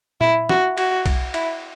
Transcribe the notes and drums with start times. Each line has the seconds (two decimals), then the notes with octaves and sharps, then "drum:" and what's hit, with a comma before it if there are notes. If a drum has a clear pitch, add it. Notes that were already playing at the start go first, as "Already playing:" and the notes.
0.21 E4, drum: tom A#2
0.49 F#4, drum: snare
0.77 F#4, drum: cymbal
1.06 drum: kick B1, cymbal
1.34 E4, drum: cymbal